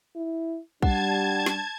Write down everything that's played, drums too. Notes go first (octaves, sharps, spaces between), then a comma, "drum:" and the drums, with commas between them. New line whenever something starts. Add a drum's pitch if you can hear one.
E4
G3 D4 F#5 A5 G#6, drum: kick
drum: snare